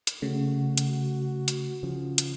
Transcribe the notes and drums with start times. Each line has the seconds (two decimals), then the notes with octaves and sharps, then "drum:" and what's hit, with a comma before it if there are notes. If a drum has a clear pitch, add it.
0.07 drum: hi-hat
0.22 C#3 A3 F#4
0.78 drum: hi-hat
1.48 drum: hi-hat
1.83 C#3 F3
2.18 drum: hi-hat